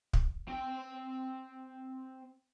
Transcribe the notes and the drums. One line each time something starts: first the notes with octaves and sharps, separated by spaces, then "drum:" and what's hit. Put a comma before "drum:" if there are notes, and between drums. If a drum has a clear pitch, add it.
drum: kick
C4 G5